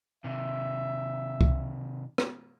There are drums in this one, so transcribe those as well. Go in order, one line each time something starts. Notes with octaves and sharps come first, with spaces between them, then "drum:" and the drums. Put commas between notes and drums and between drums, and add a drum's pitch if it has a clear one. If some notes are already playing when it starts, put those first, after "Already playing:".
C3 D#3 E5
drum: kick C2
drum: rim click